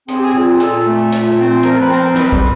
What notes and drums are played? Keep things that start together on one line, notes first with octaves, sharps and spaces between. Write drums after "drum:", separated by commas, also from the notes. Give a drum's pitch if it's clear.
C4 G#4, drum: hi-hat
G4
G#4
A#2
A#2 A4, drum: hi-hat
A3
A#2, drum: hi-hat
C4
F3 A#4, drum: hi-hat
B4
C4 A#4
G3 B4, drum: snare
drum: kick